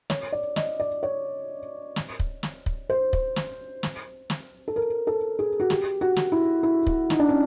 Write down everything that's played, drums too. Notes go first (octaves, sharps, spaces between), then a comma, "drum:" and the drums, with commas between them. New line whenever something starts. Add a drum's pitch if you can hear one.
C#5, drum: snare
D5
D#5, drum: snare
D5
C#5
drum: snare
drum: kick
drum: snare
drum: kick
C5
drum: kick
drum: snare
drum: snare
drum: snare
A4
A#4
A4
G#4
F#4
G4, drum: snare
F#4
drum: snare
E4
E4
drum: kick
D#4, drum: snare
D4
C#4